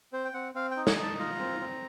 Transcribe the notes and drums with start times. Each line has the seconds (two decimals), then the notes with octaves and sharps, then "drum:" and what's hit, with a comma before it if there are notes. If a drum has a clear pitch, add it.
0.13 C4 C5
0.25 G5
0.34 C4 F#5
0.55 C4 F5
0.71 G5
0.77 D#4
0.87 G#5, drum: snare
0.97 D#4
1.03 A5
1.19 F4 A#5
1.39 C4
1.60 C4